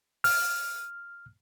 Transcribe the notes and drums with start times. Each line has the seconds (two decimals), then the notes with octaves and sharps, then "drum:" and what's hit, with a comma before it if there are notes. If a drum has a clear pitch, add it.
0.24 F6, drum: open hi-hat